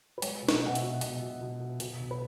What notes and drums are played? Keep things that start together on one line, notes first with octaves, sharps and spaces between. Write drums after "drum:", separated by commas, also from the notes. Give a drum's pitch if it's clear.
B4
G#3 C#5, drum: hi-hat
B2
D#5, drum: snare
B2 F#5
E5, drum: hi-hat
B2
B2 D#5, drum: hi-hat
B2
B2
B2
B2, drum: hi-hat
B1
B4